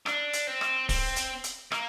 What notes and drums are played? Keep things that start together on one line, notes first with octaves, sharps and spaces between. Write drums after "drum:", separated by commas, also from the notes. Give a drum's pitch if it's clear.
D4, drum: rim click
drum: hi-hat
C4
drum: rim click
C4, drum: kick D1, open hi-hat
drum: hi-hat
drum: hi-hat
A#3, drum: rim click